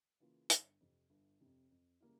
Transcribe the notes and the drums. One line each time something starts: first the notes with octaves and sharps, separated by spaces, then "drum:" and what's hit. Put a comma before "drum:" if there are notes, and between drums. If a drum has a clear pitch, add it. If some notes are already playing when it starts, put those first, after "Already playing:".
C#3 E3 A#3 F4
G1, drum: hi-hat
F2 C3
G1
F2 C3
F2
C#3 G3 A#3 E4